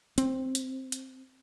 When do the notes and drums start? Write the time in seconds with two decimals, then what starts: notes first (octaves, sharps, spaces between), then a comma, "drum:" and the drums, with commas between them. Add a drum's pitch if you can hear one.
0.18 C4, drum: hi-hat
0.55 drum: hi-hat
0.92 drum: hi-hat